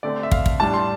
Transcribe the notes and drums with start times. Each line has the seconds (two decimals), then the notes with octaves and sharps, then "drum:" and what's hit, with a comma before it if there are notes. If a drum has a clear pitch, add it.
0.03 D3 A3 C4 D5
0.23 E5
0.31 F5, drum: kick
0.46 drum: kick
0.59 A2 G3 D4 A5
0.74 C6